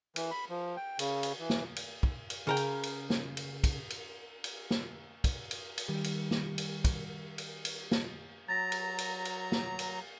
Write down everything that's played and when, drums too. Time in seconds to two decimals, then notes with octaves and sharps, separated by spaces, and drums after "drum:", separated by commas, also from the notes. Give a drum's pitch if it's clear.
0.16 E3, drum: cymbal
0.31 B5
0.50 F3
0.77 G5
0.99 C#3, drum: cymbal
1.23 drum: cymbal
1.39 E3
1.50 drum: snare
1.76 drum: cymbal
2.03 drum: kick
2.30 drum: cymbal
2.47 C#3 A#4 G5
2.57 drum: cymbal
2.83 drum: cymbal
3.10 drum: snare
3.37 drum: cymbal
3.64 drum: kick, cymbal
3.90 drum: cymbal
4.44 drum: cymbal
4.71 drum: snare
5.24 drum: kick, cymbal
5.51 drum: cymbal
5.78 drum: cymbal
5.88 D#3 G3 G4
6.04 drum: cymbal
6.31 drum: snare
6.58 drum: cymbal
6.85 drum: kick, cymbal
7.38 drum: cymbal
7.65 drum: cymbal
7.91 drum: snare
8.48 F#3 A#5 A6 A#6
8.72 drum: cymbal
8.98 drum: cymbal
9.25 drum: cymbal
9.52 drum: snare
9.79 drum: cymbal